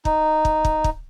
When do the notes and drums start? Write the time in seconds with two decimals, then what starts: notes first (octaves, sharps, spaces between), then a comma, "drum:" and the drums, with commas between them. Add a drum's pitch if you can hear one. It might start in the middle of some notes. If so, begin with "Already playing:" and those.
0.05 D#4, drum: kick
0.45 drum: kick
0.65 drum: kick
0.84 drum: kick